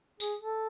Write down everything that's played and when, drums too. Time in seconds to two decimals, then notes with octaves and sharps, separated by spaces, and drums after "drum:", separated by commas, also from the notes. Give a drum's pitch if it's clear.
0.20 G#4, drum: tambourine
0.40 A4